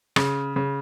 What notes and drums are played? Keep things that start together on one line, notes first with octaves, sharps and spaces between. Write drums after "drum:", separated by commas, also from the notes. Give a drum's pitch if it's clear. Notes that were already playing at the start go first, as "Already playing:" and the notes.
C#3, drum: rim click
C#3